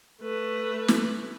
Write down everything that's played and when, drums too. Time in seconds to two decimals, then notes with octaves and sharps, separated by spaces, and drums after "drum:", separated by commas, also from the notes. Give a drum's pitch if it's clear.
0.21 A3 B4
0.88 drum: snare